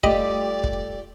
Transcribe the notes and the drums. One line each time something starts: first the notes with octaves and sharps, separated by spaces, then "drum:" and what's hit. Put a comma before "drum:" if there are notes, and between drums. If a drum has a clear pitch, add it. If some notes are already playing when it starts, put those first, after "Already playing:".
G3 A3 F4 G4 D5 D#5 B5, drum: kick
drum: kick